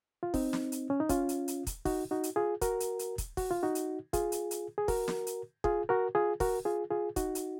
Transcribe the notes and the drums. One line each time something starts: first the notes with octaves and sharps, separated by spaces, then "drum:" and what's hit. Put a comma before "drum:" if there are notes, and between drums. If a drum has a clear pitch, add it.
F4
C4 D#4, drum: kick, open hi-hat
drum: snare
drum: hi-hat
C#4
D#4
C#4 F4, drum: kick, hi-hat
drum: hi-hat
drum: hi-hat
drum: kick, hi-hat
D#4 F#4, drum: kick, open hi-hat
D#4 F#4
drum: hi-hat
F4 G#4
F#4 A#4, drum: kick, hi-hat
drum: hi-hat
drum: hi-hat
drum: kick, hi-hat
F#4, drum: kick, open hi-hat
F4
D#4 F#4
drum: hi-hat
F4 G#4, drum: kick, hi-hat
drum: hi-hat
drum: hi-hat
G#4
F#4 A#4, drum: kick, open hi-hat
drum: snare
drum: hi-hat
F4 G#4, drum: kick
F#4 A#4
F4 G#4
F#4 A#4, drum: kick, open hi-hat
F4 G#4
F4 G#4
D#4 F#4, drum: kick, hi-hat
drum: hi-hat